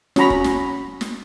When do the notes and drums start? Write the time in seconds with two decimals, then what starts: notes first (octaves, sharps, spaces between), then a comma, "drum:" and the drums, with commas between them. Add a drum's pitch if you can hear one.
0.16 C#4 F#4 A#5 B5, drum: snare
0.30 drum: kick
0.44 drum: snare
1.01 drum: snare